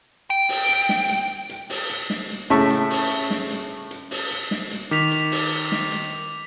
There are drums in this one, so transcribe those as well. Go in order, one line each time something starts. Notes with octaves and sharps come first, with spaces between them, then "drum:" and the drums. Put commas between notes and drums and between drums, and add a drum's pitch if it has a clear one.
G5
drum: open hi-hat
drum: hi-hat
drum: snare
drum: hi-hat
drum: hi-hat
drum: open hi-hat
drum: hi-hat
drum: snare
drum: hi-hat
A2 C#3 A3 E5 C#6
drum: hi-hat
drum: open hi-hat
drum: hi-hat
drum: snare
drum: hi-hat
drum: hi-hat
drum: open hi-hat
drum: hi-hat
drum: snare
drum: hi-hat
D#3 D6 B6 F7
drum: hi-hat
drum: open hi-hat
drum: snare
drum: hi-hat